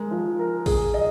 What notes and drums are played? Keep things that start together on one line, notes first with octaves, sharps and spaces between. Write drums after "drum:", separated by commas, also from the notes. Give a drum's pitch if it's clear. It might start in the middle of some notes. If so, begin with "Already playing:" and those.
Already playing: G#3 A#4
F3
A#4
G#4, drum: kick A1, open hi-hat
D#5